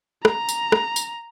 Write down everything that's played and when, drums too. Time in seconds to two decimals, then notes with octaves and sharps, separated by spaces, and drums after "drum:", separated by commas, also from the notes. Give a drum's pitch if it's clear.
0.25 A#5, drum: rim click
0.49 drum: tambourine
0.72 drum: rim click
0.96 drum: tambourine